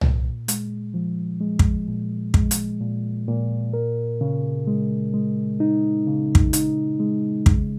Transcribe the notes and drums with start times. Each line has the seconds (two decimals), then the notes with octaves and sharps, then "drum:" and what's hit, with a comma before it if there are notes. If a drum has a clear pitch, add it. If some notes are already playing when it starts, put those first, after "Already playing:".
0.01 A#2, drum: tom
0.48 G#3, drum: hi-hat
0.94 F3
1.41 G#3
1.59 drum: kick
1.88 A#2
2.34 G#3, drum: kick
2.51 drum: hi-hat
2.80 A#2
3.28 A#2
3.73 A#4
4.21 C#3
4.67 G#3
5.13 G#3
5.60 D#4
6.07 C#3
6.35 drum: kick
6.53 D#4, drum: hi-hat
7.00 G#3
7.46 C#3, drum: kick